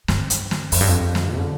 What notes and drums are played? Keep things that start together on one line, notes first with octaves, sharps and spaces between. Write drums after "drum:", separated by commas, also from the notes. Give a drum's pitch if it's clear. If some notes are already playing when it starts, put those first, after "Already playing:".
G2, drum: snare
drum: hi-hat
drum: snare
F2, drum: open hi-hat
G2
F2
drum: snare
D3